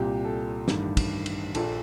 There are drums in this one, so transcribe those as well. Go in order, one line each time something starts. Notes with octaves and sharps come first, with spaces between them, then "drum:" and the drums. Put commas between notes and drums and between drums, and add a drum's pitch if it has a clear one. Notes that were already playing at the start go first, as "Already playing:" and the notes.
Already playing: C2 A#2 G4
A4
A1 G2 D#3, drum: snare
drum: kick, cymbal
drum: cymbal
A#1 A#2 A4, drum: cymbal